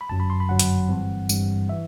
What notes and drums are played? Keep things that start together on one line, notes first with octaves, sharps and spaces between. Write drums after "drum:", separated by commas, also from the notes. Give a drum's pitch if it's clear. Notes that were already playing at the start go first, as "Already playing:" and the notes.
B5
G1 F#2 F#3 A5
B5
C6
B5
G1 F#2 F#3 F#5
drum: hi-hat
G1 G2 E3 G3 C4
G1 G2 E3 G3 C4, drum: tambourine
E3 E5